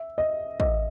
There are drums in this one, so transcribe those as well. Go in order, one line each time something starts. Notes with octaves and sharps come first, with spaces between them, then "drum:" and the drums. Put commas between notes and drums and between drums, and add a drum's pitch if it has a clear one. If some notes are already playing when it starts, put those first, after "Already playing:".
Already playing: E5
D#5
D#5, drum: kick